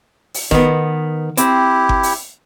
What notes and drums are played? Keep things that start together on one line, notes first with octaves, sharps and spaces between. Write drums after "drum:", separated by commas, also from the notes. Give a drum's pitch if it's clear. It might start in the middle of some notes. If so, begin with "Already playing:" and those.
drum: open hi-hat
D#3 B3, drum: kick G1
C4 E4 G4, drum: hi-hat
drum: kick G1
drum: open hi-hat